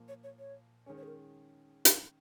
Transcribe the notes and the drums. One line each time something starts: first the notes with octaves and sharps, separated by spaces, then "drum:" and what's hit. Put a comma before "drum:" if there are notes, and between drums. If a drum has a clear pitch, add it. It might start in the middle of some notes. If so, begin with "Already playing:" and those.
Already playing: A#2 F3 A#3
C#5
C#5
C#5
D#3 G#3 C#4 C#5
C#5
G#4
A#4
drum: hi-hat